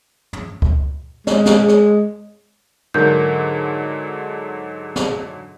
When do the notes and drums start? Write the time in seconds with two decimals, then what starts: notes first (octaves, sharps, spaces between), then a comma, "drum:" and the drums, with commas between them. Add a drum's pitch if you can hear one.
0.33 drum: tom
0.62 drum: kick C#2
1.27 G#3, drum: snare
1.46 drum: snare
1.68 drum: rim click
2.94 G#2 D3 F#3 A#4 G6
4.96 drum: snare